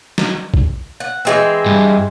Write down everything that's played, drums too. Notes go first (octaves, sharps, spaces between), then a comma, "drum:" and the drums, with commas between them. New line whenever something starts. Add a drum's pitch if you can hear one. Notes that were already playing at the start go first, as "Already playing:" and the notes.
drum: snare
drum: kick
F#5
E3 G#3 C4
G2